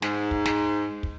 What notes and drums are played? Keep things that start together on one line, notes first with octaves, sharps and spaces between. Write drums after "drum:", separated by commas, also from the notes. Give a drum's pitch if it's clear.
G#2, drum: snare
drum: kick
drum: snare
drum: kick